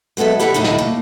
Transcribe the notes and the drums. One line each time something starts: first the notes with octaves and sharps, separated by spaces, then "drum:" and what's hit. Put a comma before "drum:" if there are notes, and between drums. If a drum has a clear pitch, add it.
F#3 G#3 B3 A4 E5
E4 G4 A4 D5 E5 F#5
D2 A2 D#4 E4
drum: snare
A3 A#3